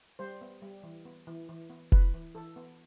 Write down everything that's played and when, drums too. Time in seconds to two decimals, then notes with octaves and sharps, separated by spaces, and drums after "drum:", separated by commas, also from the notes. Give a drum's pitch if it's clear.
0.19 G3 C5
0.41 B3
0.62 G3
0.83 E3
1.05 B3
1.27 E3
1.49 E3
1.70 B3
1.92 E3 B4, drum: kick F1
2.14 E3
2.35 E3 A4
2.56 B3